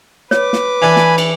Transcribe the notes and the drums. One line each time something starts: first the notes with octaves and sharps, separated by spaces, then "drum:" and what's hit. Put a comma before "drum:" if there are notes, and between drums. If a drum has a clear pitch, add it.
B4 C#5 D6, drum: snare
drum: snare
E3 D4 A4 G#5 B5
drum: snare
drum: cymbal